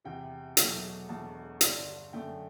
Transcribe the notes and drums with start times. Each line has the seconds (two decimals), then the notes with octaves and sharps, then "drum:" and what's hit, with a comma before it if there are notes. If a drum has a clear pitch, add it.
0.04 E2 C3 E3 G5
0.57 E2 B2 F#3 A3, drum: hi-hat
1.09 E1 E2 B2 A3 A5
1.61 G1 G2 D3, drum: hi-hat
2.13 F#2 D3 A3 G5